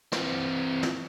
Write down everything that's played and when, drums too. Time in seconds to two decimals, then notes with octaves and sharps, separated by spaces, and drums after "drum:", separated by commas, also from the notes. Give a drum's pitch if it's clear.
0.12 E3 C4, drum: snare
0.83 drum: snare